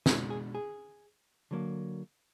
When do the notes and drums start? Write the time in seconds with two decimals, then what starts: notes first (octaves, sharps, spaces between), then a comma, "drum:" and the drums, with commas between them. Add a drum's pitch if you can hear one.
0.06 B2 G#3 D4 G#4, drum: snare
0.30 G#4
0.55 G#4
1.51 D3 F#3 A#3